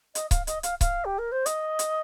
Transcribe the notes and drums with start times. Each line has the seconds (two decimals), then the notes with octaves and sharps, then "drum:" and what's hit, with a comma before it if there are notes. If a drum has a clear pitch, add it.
0.15 D#5, drum: hi-hat
0.31 F5, drum: kick C#1, hi-hat
0.47 D#5, drum: hi-hat
0.63 F5, drum: hi-hat
0.81 F5, drum: kick C#1, hi-hat
1.05 G4
1.18 A#4
1.32 C5
1.46 D#5, drum: hi-hat
1.79 drum: hi-hat